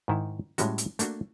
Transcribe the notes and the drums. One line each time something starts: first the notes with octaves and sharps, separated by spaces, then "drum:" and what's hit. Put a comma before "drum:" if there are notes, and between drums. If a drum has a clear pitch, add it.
G#2 D#3 E4
A2 G3 G#3 C#4 F#4, drum: hi-hat
drum: hi-hat
A3 A#3 D4 F#4, drum: hi-hat